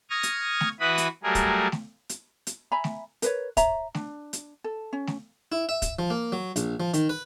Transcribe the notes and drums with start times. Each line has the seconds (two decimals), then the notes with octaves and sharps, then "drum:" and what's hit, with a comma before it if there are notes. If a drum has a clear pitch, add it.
0.10 C#6 D#6 F6 G#6 A#6
0.23 drum: hi-hat
0.60 drum: snare A3
0.80 E3 E4 F#4 B4 B5 D#6
0.98 drum: hi-hat
1.23 F#3 G3 A3 G#4 A#4
1.35 drum: kick, hi-hat
1.72 drum: snare A3
2.09 drum: hi-hat
2.47 drum: hi-hat
2.72 E5 G#5 A#5 B5
2.84 drum: snare A3
3.22 A#4 B4 C#5, drum: hi-hat
3.57 C#5 E5 A#5, drum: kick, hi-hat
3.95 D4, drum: snare A3
4.33 drum: hi-hat
4.64 A4
4.93 C#4
5.07 drum: snare A3
5.52 E4
5.69 E5
5.82 drum: kick, hi-hat
5.99 F3
6.10 A#3
6.32 F#3
6.56 A#1, drum: hi-hat
6.80 F3
6.94 D#3, drum: hi-hat
7.09 B4